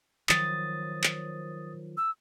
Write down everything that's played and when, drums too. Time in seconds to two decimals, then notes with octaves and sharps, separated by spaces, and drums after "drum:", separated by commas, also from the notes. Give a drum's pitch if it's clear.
0.29 D#3 F3 F#3 D#6 A6, drum: clap
1.04 drum: clap
1.97 E6